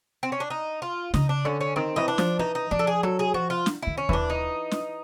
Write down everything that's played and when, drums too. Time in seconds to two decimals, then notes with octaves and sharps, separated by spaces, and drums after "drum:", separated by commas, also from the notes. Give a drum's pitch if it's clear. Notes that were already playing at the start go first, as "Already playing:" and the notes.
0.23 C4
0.32 C#4
0.40 D4
0.50 D#4
0.82 F4
1.14 C#3 D#4, drum: snare
1.29 D4
1.45 D3 C#4
1.61 C#4
1.76 D#3 C4
1.96 E3 D#4
2.08 D4
2.18 F3, drum: snare
2.39 E3 D#4
2.55 D#4
2.71 F3 D4
2.79 A4
2.87 G#4
3.03 F#3 A4
3.19 G#4
3.34 F3 F#4
3.50 F4
3.66 drum: snare
3.82 D#3 E4
3.98 C#4
4.09 E3 D4, drum: kick D#2
4.30 D#4
4.71 drum: snare